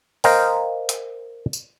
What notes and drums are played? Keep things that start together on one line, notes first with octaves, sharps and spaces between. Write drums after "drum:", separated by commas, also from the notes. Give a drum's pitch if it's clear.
A#4 C5 D#5 F5 G5 A#5, drum: open hi-hat
drum: hi-hat
drum: tambourine